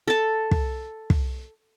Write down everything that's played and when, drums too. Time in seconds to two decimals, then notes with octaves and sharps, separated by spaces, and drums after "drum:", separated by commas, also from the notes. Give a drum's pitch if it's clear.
0.08 A4 A5
0.51 drum: kick
1.10 drum: kick